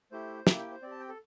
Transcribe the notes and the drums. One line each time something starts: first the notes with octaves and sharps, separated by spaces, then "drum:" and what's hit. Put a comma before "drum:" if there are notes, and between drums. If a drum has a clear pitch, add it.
A3 E4 G4 C5
A#3 E4 G4 E5, drum: snare
G5
C5
C4 G4 D5
A5
G5
A4